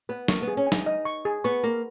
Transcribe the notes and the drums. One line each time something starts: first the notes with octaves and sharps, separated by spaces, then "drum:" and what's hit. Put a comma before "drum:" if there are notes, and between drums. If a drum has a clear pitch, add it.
B3 B4
A#3 C#6, drum: snare
B3
G#4
C#4
G#5
D#4, drum: snare
D#5
C#6
G#4
B3 C#6
A#3 A#4